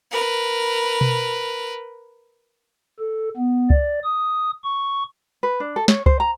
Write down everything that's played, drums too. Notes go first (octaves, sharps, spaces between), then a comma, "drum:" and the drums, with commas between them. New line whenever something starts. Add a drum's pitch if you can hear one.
A#4 B4
drum: tom B2
A4
B3
D5, drum: kick C#2
D#6
C#6
B4
D4
A4
C#5, drum: snare
C5, drum: kick C#2
A#5